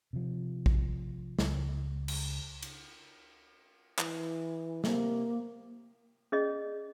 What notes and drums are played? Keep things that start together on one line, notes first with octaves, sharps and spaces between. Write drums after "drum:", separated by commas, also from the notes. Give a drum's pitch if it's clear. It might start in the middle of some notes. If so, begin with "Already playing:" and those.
C3 F3
drum: kick A#1
C#2, drum: snare
drum: cymbal
drum: cymbal
E3, drum: clap
C3 A#3, drum: snare
C#4 G#4 D5 D#5